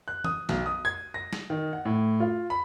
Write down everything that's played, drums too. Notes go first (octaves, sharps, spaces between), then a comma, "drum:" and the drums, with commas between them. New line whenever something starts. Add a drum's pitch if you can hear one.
F#6
D#6, drum: tom
B1, drum: snare
D#6
G#6
A#6
drum: snare
D#3
F#5
A2
F4
B5